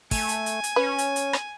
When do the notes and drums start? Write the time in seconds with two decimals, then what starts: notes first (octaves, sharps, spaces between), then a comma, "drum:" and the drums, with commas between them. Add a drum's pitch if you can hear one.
0.11 A3 G#5, drum: kick, open hi-hat
0.29 drum: hi-hat
0.46 drum: hi-hat
0.64 drum: hi-hat
0.76 C#4 B4
0.98 drum: hi-hat
1.16 drum: hi-hat
1.33 drum: rim click